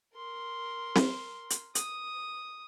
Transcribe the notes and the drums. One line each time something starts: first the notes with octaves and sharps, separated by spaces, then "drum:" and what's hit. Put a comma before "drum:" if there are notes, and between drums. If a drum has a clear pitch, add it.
A#4 C6
drum: snare C4
drum: hi-hat
D#6, drum: hi-hat